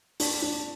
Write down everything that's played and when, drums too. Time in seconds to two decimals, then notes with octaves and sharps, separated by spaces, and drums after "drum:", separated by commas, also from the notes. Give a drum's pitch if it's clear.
0.20 D4, drum: open hi-hat
0.42 D4